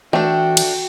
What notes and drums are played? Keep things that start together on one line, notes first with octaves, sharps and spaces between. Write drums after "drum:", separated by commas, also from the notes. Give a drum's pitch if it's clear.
E3 A3 D4 F#4 G5
drum: cymbal